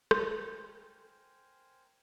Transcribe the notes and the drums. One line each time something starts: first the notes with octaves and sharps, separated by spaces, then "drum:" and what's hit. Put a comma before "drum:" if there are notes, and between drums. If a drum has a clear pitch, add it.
A#4 C5 G5 G#5, drum: rim click